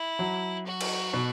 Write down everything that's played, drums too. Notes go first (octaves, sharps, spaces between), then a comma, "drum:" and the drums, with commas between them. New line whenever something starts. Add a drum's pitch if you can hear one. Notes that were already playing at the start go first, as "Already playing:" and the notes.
Already playing: E4
F#3
F#4
drum: cymbal
B2